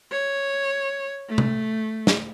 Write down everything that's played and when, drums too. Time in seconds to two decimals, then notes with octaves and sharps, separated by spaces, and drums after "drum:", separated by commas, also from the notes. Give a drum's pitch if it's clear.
0.12 C#5
1.29 A3
1.38 drum: tom C3
2.07 drum: snare